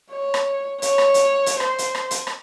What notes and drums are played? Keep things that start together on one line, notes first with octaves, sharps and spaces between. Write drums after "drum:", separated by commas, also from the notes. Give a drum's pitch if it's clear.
C#5
drum: rim click
C#5, drum: hi-hat
drum: rim click
drum: hi-hat
drum: hi-hat
C5, drum: rim click
drum: hi-hat
drum: rim click
drum: hi-hat
drum: rim click